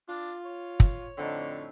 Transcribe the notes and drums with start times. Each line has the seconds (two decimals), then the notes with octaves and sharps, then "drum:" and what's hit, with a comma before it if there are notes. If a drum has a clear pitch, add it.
0.09 D4 F4
0.45 C#5
0.80 drum: kick
1.17 F2 A2 D3 C4 D#4